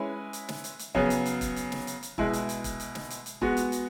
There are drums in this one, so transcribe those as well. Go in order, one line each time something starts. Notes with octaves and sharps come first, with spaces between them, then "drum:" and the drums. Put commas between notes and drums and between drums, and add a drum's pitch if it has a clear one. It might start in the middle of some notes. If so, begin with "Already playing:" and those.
Already playing: G#3 C#4 E4 B4
drum: hi-hat
drum: snare
drum: hi-hat
drum: hi-hat
C#3 F#3 B3 G#4, drum: kick
drum: hi-hat
drum: hi-hat
drum: kick, hi-hat
drum: hi-hat
drum: snare
drum: hi-hat
drum: hi-hat
B2 G#3 E4, drum: kick
drum: hi-hat
drum: hi-hat
drum: kick, hi-hat
drum: hi-hat
drum: snare
drum: hi-hat
drum: hi-hat
G#3 B3 F#4, drum: kick
drum: hi-hat
drum: hi-hat